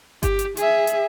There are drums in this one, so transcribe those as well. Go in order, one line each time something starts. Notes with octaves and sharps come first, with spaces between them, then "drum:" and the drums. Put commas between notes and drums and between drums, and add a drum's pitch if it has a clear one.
G4, drum: kick G1, hi-hat
drum: hi-hat
G#4 E5, drum: hi-hat
drum: hi-hat